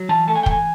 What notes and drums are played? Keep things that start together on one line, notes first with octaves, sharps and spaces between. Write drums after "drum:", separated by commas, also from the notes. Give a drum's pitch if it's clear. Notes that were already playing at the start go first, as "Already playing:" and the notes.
Already playing: F#3
E3 A5
A3 A5
G#5
G5
E3 G#5, drum: kick